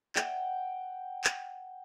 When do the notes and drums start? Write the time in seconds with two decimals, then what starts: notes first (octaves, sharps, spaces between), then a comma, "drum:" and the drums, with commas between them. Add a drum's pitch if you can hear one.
0.16 F#5 G5, drum: clap
1.24 drum: clap